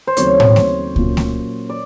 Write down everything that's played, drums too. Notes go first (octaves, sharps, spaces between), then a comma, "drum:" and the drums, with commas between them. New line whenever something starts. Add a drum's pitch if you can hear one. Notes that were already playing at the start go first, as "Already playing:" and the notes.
C5
D#2 C#3 F#3 A3 C4 C#5, drum: hi-hat
drum: tom A2
drum: snare A3
A#2 F#3 A#3 C#4 F4, drum: kick C#2
drum: snare A3
D5